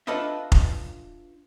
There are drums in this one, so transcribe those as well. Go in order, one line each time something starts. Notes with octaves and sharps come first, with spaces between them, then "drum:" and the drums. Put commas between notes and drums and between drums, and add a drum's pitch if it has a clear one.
D4 F4 A4 B4 D#5 E5
drum: kick F1